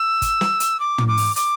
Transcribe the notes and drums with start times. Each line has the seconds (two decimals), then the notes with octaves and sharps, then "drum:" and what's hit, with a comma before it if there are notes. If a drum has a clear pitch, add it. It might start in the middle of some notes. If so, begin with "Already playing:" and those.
Already playing: E6
0.22 drum: kick, hi-hat
0.41 drum: snare
0.60 drum: hi-hat
0.80 D6
0.98 drum: tom
1.08 D6
1.17 drum: open hi-hat
1.36 D6, drum: hi-hat